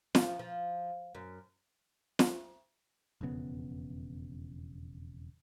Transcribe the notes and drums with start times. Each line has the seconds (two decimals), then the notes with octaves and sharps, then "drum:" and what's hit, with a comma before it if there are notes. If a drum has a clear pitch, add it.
0.15 F3, drum: snare
0.39 F3
1.15 F#2
2.19 drum: snare
3.21 E1 F2 C#3 B3